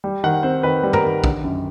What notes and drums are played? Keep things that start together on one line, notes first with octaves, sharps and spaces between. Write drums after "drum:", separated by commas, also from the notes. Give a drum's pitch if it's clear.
G3
D#3 F#5
C4 C5
D#3 B4
G3
A#4, drum: tom
D#3
D3, drum: kick
F#2